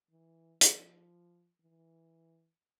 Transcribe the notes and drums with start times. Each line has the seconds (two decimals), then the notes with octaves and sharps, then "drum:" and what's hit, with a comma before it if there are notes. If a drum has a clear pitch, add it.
0.11 E3
0.61 F3, drum: hi-hat
1.61 E3